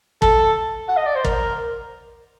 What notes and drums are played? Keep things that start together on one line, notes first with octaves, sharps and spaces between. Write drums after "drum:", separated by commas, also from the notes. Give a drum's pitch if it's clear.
A4, drum: kick
F#5
D#5
D5
C5
A#4, drum: kick